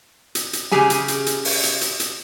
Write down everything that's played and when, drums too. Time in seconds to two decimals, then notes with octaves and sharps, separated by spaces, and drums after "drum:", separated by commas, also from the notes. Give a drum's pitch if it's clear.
0.35 drum: hi-hat
0.53 drum: hi-hat
0.72 C#3 G4 G#4 G#5, drum: snare
0.90 drum: hi-hat
1.08 drum: hi-hat
1.26 drum: hi-hat
1.45 drum: open hi-hat
1.63 drum: hi-hat
1.81 drum: hi-hat
2.00 drum: hi-hat